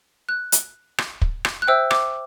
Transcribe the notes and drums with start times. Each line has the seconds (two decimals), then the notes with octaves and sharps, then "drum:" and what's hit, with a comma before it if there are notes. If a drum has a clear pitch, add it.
0.29 F#6
0.52 drum: hi-hat
0.98 drum: rim click
1.22 drum: kick
1.45 drum: rim click
1.62 F#6
1.68 C5 E5 G5 E6
1.91 D6, drum: rim click